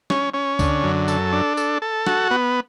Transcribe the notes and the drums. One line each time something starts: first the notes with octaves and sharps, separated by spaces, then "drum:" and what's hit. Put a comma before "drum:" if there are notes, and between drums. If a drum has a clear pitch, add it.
C#4, drum: snare
C#4
D3, drum: kick C#2, tambourine
F#2
A4, drum: tambourine
D4
A4, drum: tambourine
A4
F#4, drum: snare
B3